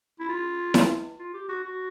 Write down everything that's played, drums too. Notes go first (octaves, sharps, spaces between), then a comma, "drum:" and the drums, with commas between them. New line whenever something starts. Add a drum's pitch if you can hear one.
E4
F4
drum: snare E4
F4
G4
F#4
F#4